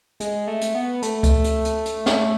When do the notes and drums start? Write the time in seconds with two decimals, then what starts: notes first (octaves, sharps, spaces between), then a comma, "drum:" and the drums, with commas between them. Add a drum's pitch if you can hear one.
0.20 G#3, drum: hi-hat
0.47 A3
0.61 drum: hi-hat
0.75 B3
1.02 A3, drum: hi-hat
1.23 drum: kick C#2, hi-hat
1.44 drum: hi-hat
1.65 drum: hi-hat
1.85 drum: hi-hat
2.06 drum: snare